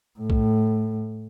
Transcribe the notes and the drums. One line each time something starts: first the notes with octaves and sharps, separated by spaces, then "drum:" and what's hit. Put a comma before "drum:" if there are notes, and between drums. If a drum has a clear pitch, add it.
A2
drum: kick